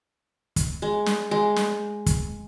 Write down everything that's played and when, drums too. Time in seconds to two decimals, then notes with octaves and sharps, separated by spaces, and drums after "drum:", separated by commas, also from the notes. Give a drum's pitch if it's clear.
0.56 drum: kick, hi-hat
0.82 G#3
1.06 drum: snare
1.31 G#3
1.56 drum: snare
2.06 drum: kick, hi-hat